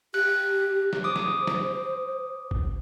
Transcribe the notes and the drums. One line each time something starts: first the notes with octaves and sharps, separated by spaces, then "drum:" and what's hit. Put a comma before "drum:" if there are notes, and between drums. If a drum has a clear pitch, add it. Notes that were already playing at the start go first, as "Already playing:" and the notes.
G4 F#6, drum: cymbal
drum: snare
C5 D6 D#6
drum: snare
drum: snare
drum: kick G#1